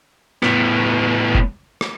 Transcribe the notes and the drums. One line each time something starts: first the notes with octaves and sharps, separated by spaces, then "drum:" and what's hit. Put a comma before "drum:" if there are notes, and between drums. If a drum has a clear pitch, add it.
A2 B3, drum: rim click
drum: kick
drum: rim click